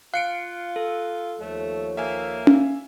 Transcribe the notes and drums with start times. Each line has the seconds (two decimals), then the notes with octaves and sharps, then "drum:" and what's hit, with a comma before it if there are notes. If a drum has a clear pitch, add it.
0.14 F4 F5 F#6 C#7 D7
0.76 A4
1.40 D#2 F3 A3 C#5
1.97 A#3 E5 F5 G#5
2.47 drum: tom C#4